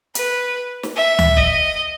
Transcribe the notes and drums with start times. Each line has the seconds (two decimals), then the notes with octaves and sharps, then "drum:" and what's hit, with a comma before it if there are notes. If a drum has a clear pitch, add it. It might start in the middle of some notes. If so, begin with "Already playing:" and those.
0.15 B4, drum: hi-hat
0.83 drum: snare
0.97 E5
1.19 drum: tom D2
1.37 D#5, drum: kick